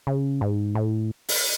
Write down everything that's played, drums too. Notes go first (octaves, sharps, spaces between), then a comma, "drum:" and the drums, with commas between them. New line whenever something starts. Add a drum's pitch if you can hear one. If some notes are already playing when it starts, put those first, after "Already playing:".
C#3
G#2
A2
drum: open hi-hat